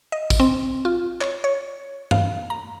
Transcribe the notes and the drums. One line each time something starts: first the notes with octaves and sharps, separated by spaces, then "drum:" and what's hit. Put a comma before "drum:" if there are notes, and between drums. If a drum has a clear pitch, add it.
D#5
drum: kick, tambourine
C4
F4
C#5, drum: clap
C#5
F5, drum: tom G2
A#5